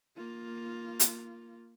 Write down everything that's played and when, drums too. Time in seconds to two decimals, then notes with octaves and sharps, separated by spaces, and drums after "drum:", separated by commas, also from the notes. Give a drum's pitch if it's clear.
0.17 A#3 F4
1.00 drum: hi-hat